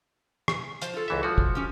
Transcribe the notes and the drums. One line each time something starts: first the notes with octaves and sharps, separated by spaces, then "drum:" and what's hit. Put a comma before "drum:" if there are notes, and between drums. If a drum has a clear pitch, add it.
drum: rim click
F3 C5, drum: hi-hat
F4 A4
C#2 E3 E5
F3 F#4
drum: kick
C#4 G4